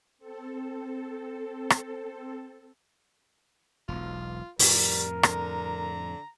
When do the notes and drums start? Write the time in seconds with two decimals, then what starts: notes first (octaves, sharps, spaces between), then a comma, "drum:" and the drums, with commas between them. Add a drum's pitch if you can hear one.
0.18 C4 A4
1.70 drum: rim click
3.88 E1 B1 F4
4.59 F2 A2 C3 G3 A#4, drum: open hi-hat
5.23 D3 A#5, drum: rim click